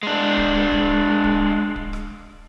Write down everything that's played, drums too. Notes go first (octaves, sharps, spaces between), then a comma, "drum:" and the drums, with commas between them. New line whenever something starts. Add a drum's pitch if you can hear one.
G#3 D4
drum: kick D1
drum: kick D1
drum: kick D1
drum: kick D1
drum: rim click